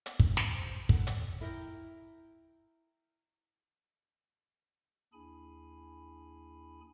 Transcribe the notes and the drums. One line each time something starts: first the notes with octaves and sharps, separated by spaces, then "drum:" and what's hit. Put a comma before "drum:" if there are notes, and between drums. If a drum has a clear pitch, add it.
F5 D6 F6, drum: hi-hat
E2 G2 C#3, drum: kick
D#6, drum: snare
C5
A4 F#5, drum: kick
drum: hi-hat
E4 A#4 G5 A#5
D#2 D4 E4 G#4 G#5 B5